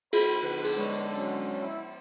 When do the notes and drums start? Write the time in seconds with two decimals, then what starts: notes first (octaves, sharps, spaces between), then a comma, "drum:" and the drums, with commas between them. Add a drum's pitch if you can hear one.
0.13 C5 B5, drum: cymbal
0.43 D3 B4
0.64 drum: cymbal
0.77 G#3 D4 B4 C#5
1.12 F#3 C#4 D4
1.60 E4